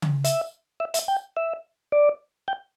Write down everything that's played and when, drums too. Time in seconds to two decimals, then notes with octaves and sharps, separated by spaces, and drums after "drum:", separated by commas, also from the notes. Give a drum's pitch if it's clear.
0.02 drum: tom C#3
0.24 E5, drum: hi-hat
0.80 E5
0.94 E5, drum: hi-hat
1.08 G5
1.37 E5
1.92 D5
2.48 G5